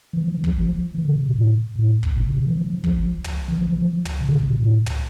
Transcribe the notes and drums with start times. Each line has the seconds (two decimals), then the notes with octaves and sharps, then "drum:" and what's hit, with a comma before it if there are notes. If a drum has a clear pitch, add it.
0.13 E3
0.24 F3
0.34 E3
0.44 F3, drum: kick
0.62 F3
0.95 E3
1.05 D3
1.15 C3
1.26 B2
1.35 A2
1.76 A2
2.03 drum: kick
2.16 B2
2.26 C3
2.37 C3
2.46 E3
2.57 F3
2.70 F3
2.84 F3, drum: kick
3.24 drum: tom
3.48 E3
3.58 F3
3.68 E3
3.78 F3
4.05 drum: tom
4.21 C3
4.29 D3
4.40 C3
4.50 B2
4.59 A2
4.86 drum: tom